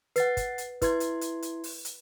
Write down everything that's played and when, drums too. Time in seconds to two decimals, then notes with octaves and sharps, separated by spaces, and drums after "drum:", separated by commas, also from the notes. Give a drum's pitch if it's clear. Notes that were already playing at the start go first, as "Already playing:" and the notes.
0.16 B4 F#5 A6 C7, drum: hi-hat
0.37 drum: kick, hi-hat
0.58 drum: hi-hat
0.82 E4 B4 C6 G#6, drum: kick, hi-hat
1.00 drum: hi-hat
1.21 drum: hi-hat
1.42 drum: hi-hat
1.64 drum: open hi-hat
1.85 drum: hi-hat